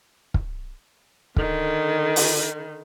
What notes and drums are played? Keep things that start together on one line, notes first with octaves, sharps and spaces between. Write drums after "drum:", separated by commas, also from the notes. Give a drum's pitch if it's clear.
drum: kick
D3 D#3, drum: kick
drum: open hi-hat